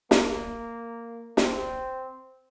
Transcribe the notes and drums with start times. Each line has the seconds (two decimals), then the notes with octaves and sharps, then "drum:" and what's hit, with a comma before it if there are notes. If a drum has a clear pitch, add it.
0.11 A#3, drum: snare
1.37 C4, drum: snare